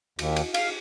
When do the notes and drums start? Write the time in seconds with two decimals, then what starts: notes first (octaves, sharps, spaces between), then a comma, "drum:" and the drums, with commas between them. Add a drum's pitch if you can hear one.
0.19 D#2, drum: cymbal
0.36 drum: cymbal
0.54 F5, drum: cymbal